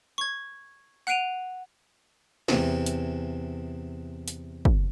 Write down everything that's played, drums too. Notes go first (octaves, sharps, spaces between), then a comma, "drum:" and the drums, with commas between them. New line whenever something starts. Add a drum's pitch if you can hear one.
C#6 G#6
F#5 F#6 C7 D7 D#7 F7
E2 C3 E3, drum: snare
drum: hi-hat
drum: hi-hat
drum: kick